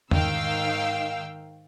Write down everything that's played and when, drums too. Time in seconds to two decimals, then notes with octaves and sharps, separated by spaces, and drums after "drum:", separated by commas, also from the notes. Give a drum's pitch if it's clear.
0.11 G#2 D#3 F5 G5 E6, drum: tom